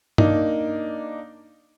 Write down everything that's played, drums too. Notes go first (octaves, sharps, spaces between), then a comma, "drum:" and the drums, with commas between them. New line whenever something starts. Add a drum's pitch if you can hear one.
A#3 D4 D#4, drum: tom G2